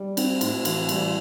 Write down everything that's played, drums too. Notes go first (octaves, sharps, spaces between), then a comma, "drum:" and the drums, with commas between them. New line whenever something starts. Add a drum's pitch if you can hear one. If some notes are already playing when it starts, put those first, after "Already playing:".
Already playing: G3
C4, drum: cymbal
A2, drum: cymbal
E3, drum: cymbal
G3, drum: cymbal